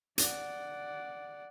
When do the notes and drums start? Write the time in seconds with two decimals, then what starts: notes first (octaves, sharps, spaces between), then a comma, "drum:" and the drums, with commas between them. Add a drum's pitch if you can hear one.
0.18 D5 F#5, drum: hi-hat